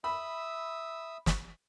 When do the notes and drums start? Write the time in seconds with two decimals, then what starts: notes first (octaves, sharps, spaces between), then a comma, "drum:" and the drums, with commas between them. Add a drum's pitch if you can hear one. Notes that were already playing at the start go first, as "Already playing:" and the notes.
0.04 E5 B5 D#6 E6
1.26 drum: snare